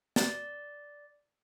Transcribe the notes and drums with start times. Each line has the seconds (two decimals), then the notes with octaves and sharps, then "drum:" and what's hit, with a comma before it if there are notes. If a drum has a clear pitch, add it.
0.16 D5, drum: snare